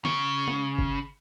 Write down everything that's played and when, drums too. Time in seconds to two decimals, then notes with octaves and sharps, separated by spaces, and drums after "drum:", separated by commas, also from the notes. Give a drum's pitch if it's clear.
0.05 C#3, drum: snare
0.48 drum: tom
0.78 drum: kick G1